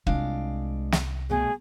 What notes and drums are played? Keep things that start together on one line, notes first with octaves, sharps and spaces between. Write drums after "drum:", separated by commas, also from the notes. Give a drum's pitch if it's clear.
C2 G#3 D4 F4 F5, drum: kick
drum: snare
B2 A3 G#4